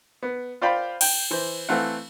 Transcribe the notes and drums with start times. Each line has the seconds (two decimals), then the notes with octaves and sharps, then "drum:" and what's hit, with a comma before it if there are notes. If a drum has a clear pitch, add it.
0.23 B3
0.62 F4 C5 D5 F5 G5 B5
1.01 G5, drum: cymbal
1.31 E3 C5
1.69 E3 A3 C4 F5 F#5